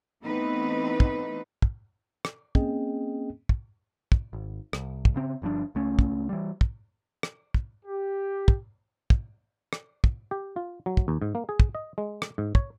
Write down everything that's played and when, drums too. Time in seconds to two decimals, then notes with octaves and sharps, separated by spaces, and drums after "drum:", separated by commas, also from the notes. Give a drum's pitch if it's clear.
0.24 E3 A3 B3 C4 D#4 B4
1.00 drum: kick
1.62 drum: kick
2.25 drum: rim click
2.55 A#3 C4 C#4 G#4 D#5 G5, drum: kick
3.49 drum: kick
4.12 drum: kick
4.33 G#1
4.73 C2, drum: rim click
5.05 drum: kick
5.16 C#3 C4
5.42 G1 G2 F3 D4
5.75 C#2 A3 C#4
5.99 drum: kick
6.29 E3 G3
6.61 drum: kick
7.23 drum: rim click
7.54 drum: kick
7.86 G4
8.48 drum: kick
9.10 drum: kick
9.73 drum: rim click
10.04 drum: kick
10.31 G4
10.56 F4
10.86 F#3
10.97 drum: kick
11.08 D#2
11.22 G#2
11.35 A#3
11.49 G#4
11.60 drum: kick
11.75 D#5
11.98 G#3
12.22 drum: rim click
12.38 G#2
12.55 C#5, drum: kick